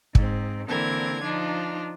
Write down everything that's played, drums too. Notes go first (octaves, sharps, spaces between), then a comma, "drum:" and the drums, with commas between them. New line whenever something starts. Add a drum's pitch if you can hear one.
G#2 C4, drum: kick
D3 E3 A#3 C4 A#4 G#6
F3 D4 D#4 F4